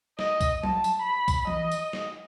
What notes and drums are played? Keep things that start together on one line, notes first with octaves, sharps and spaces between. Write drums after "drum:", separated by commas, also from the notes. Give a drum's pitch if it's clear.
D#5, drum: snare
drum: kick B1, tambourine
A5, drum: tom F#3
drum: tambourine
B5
drum: kick B1, tambourine
D#5, drum: tom E3
drum: tambourine
drum: snare